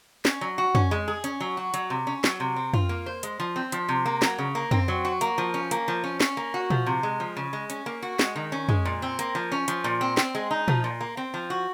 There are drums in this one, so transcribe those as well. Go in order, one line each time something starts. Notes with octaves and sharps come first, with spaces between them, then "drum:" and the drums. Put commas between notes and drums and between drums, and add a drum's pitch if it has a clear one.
C#4, drum: snare
F#3
F#4
C#4, drum: tom
G#3
G#4
C#4, drum: hi-hat
F#3
F#4
F#3, drum: hi-hat
C3
C#4
F#3, drum: snare
C3
C4
F4, drum: tom
A#3
C5
G#3, drum: hi-hat
F3
C4
F3, drum: hi-hat
C3
A#3
F#3, drum: snare
C#3
A#3
C4, drum: tom
F#3
F#4
A#3, drum: hi-hat
F3
C#4
A#3, drum: hi-hat
F3
C#4
C#4, drum: snare
A#3
F#4
F3, drum: tom A#2
C3
G#3
F3
C#3
G#3
C#4, drum: hi-hat
A#3
F#4
G#3, drum: snare
D#3
C#4
G#3, drum: tom
A#2
C4
A#3, drum: hi-hat
F3
C#4
F3, drum: hi-hat
A#2
C4
C4, drum: snare
G#3
D#4
F3, drum: tom A#2
A#2
A#3
C4
F3
F#4